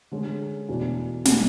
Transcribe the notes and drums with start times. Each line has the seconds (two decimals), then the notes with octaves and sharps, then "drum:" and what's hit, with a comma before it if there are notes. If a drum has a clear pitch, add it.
0.12 D3 G#3 C#4 G#4
0.69 E2 B2 A3 D4
1.25 B2 G#3 B3 D4 G#4, drum: snare